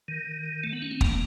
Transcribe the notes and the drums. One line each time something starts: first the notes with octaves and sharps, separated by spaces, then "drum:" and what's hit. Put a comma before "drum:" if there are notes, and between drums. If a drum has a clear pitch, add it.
D#3
A3
B3
C#4
C4
A#3, drum: kick